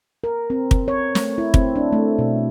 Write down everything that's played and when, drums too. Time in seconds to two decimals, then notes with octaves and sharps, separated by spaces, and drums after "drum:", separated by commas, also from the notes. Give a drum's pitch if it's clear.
0.24 A#4
0.50 C4
0.71 drum: kick
0.88 C#5
1.15 A3, drum: snare
1.38 E4
1.54 C4, drum: kick
1.76 D4
1.93 A3
2.19 B2